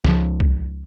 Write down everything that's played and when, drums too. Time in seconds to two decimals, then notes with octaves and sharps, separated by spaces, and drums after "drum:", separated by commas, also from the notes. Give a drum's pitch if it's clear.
0.04 C#2 F3, drum: snare
0.40 drum: kick